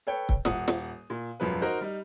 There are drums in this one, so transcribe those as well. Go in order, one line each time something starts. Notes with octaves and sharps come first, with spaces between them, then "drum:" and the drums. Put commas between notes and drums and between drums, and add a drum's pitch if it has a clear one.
A4 B4 C#5 G5
drum: kick
D#1 F#5 D#6, drum: snare
drum: snare
A#2
E1 F#2 F3 B4
D#4 F#4 A#4 C5 D#5
G3 D#4